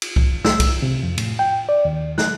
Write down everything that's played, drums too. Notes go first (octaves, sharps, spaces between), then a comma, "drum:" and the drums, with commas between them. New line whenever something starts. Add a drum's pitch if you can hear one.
drum: cymbal
drum: kick C2
E6, drum: snare
drum: kick C2, cymbal
C3
F2
A2, drum: cymbal
G5
D5
D#2
F#6, drum: snare